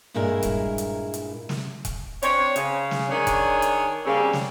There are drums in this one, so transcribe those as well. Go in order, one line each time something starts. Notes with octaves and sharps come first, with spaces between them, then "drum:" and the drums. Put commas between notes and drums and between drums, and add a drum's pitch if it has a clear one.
G2 A#2 G#3 E4 A#4
drum: kick E1, hi-hat
drum: hi-hat
drum: hi-hat
drum: snare
drum: kick E1, hi-hat
C4 D4 C#5, drum: hi-hat
C#3, drum: hi-hat
drum: snare
D#3 D4 G#4 C#5
drum: kick E1, hi-hat
drum: hi-hat
C#3 G3 A#3 C4 C#4
drum: snare